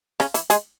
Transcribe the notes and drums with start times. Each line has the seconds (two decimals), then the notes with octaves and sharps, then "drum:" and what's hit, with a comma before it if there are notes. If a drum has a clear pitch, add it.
0.20 C#3 C#4, drum: rim click
0.34 E3 E4, drum: hi-hat
0.50 G#3 G#4, drum: hi-hat